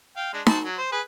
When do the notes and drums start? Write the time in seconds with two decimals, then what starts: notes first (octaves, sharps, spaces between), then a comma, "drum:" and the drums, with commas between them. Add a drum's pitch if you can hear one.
0.17 F5 G5
0.33 G#3 D4
0.47 F#4 C5 A5, drum: snare D#4
0.65 F#3
0.78 C5
0.92 G#4 B4